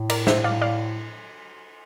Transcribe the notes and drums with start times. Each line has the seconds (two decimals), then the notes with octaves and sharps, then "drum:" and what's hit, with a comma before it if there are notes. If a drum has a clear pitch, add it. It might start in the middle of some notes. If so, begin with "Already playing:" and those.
Already playing: A2
0.10 A#4 D5, drum: cymbal
0.27 C5 E5, drum: snare
0.44 D5 F5
0.62 D5 F5